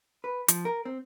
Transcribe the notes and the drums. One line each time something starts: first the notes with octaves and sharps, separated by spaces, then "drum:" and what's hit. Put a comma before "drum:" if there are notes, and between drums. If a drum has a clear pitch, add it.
B4
F3, drum: hi-hat
A#4
C4